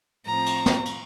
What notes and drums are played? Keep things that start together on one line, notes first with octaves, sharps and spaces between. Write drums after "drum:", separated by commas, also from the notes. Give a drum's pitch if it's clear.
A2 F3 C4 A#5
drum: cymbal
drum: snare
drum: cymbal